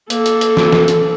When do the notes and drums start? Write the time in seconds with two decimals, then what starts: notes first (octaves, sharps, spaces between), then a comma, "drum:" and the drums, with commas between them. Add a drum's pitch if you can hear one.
0.10 A#3 A4, drum: hi-hat
0.26 drum: hi-hat
0.41 drum: hi-hat
0.57 drum: snare
0.72 drum: snare
0.88 drum: hi-hat